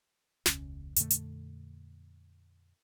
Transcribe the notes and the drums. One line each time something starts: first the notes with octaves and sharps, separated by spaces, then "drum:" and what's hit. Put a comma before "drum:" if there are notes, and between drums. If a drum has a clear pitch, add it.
E1 C#2 C#4, drum: snare
F2 A#2 D3 A3, drum: hi-hat
drum: hi-hat